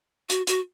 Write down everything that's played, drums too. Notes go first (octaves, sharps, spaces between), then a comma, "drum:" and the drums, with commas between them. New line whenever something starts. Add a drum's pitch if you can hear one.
F#4, drum: hi-hat
F#4, drum: hi-hat